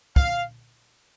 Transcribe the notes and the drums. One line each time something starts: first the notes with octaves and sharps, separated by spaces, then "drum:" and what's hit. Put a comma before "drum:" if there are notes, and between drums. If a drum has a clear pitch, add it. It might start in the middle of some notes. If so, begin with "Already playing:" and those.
F5, drum: kick